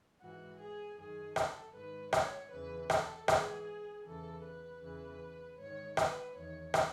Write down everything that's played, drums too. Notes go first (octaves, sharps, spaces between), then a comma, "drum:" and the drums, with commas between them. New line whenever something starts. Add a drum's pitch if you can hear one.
G#2 E3 F#4
G#4
F#2 D#3 G#4
A4, drum: rim click
G#2 D#3 B4
C#5, drum: rim click
E2 C#3 E3 B4
A4, drum: rim click
G#2 E3 G#4, drum: rim click
E2 C#3 E3 A4
B4
E2 C#3 E3
G#2 D#3 C#5
B4, drum: rim click
E2 D#3 C#5
drum: rim click